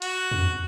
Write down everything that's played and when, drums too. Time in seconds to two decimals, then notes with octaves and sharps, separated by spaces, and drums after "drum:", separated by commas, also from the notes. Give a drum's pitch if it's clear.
0.02 F#4, drum: hi-hat
0.31 drum: tom E2